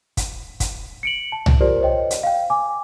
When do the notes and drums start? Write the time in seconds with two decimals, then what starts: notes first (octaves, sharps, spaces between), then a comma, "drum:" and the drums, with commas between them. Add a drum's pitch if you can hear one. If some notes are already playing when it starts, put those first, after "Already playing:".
0.17 drum: kick, hi-hat
0.60 drum: kick, hi-hat
1.03 C#7 D7 F#7
1.32 A5
1.46 drum: tom C2
1.61 F4 G4 A#4 C5 D5
1.81 C5 C#5 D#5 G5
2.11 drum: hi-hat
2.23 F5 G5
2.50 G#5 D6